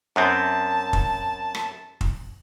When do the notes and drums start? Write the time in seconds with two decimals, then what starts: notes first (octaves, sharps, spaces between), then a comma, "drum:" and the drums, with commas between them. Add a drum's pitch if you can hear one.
0.16 F#2 B3 C4 A5
0.93 drum: kick
1.55 drum: rim click
2.01 drum: kick